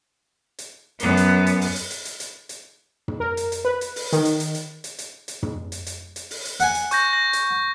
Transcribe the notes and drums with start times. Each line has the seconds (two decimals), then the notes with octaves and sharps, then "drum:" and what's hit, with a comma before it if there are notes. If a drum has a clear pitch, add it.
0.59 drum: hi-hat
1.00 F#2 B3, drum: hi-hat
1.17 drum: hi-hat
1.47 drum: hi-hat
1.61 drum: open hi-hat
1.76 drum: hi-hat
1.91 drum: hi-hat
2.05 drum: hi-hat
2.20 drum: hi-hat
2.49 drum: hi-hat
3.08 drum: tom
3.20 A#4
3.37 drum: hi-hat
3.52 drum: hi-hat
3.65 B4
3.81 drum: hi-hat
3.96 drum: open hi-hat
4.13 D#3, drum: hi-hat
4.25 drum: hi-hat
4.40 drum: hi-hat
4.55 drum: hi-hat
4.84 drum: hi-hat
4.99 drum: hi-hat
5.28 drum: hi-hat
5.43 drum: tom
5.72 drum: hi-hat
5.87 drum: hi-hat
6.16 drum: hi-hat
6.31 drum: open hi-hat
6.45 drum: hi-hat
6.60 F#5 G#5, drum: hi-hat
6.75 drum: hi-hat
6.91 C#6 G6 A#6, drum: hi-hat
7.13 A#6
7.33 drum: hi-hat